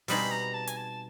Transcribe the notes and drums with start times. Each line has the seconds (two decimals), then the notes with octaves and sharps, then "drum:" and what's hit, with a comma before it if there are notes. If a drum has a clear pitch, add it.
0.08 B2 G3 C4 D#4 G#4 B5, drum: open hi-hat
0.31 A#5
0.54 A5
0.67 G#5, drum: hi-hat
0.77 A5